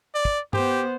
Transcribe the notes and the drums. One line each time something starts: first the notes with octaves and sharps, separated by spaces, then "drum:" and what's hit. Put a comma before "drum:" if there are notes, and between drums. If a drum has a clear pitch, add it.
D5
drum: kick
B3 G4 C5, drum: tom